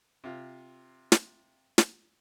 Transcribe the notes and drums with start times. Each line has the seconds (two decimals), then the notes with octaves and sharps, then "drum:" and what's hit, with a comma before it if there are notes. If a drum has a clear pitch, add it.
0.24 C3 F4
1.12 drum: snare
1.78 drum: snare